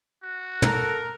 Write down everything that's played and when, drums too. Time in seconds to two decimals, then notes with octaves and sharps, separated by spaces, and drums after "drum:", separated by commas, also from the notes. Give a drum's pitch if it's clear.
0.23 F#4
0.62 A4 A#4, drum: tom